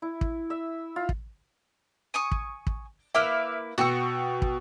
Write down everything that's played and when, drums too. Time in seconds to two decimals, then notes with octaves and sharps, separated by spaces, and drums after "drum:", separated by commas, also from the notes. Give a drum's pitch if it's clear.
0.02 E4
0.21 drum: kick
0.50 E5
0.96 F4
1.09 drum: kick
2.14 G#5 C#6 D#6
2.32 drum: kick
2.67 drum: kick
3.15 A#3 E4 B4 E5 D6 F6
3.78 B2 F#4 G5 C#6 E6
4.42 drum: kick